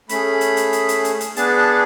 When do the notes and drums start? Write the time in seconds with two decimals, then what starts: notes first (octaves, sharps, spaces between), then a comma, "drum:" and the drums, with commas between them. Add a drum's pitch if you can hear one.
0.09 A3 C#4 G#4 B5, drum: hi-hat
0.41 drum: hi-hat
0.57 drum: hi-hat
0.73 drum: hi-hat
0.89 drum: hi-hat
1.05 drum: hi-hat
1.20 drum: hi-hat
1.36 B3 D4 G#4 A5, drum: hi-hat
1.57 A5